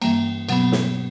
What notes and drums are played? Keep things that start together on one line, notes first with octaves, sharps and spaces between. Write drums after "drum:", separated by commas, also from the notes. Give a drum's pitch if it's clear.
G2 E3 G3 A#3, drum: cymbal
B2 F#3 B3, drum: cymbal
drum: snare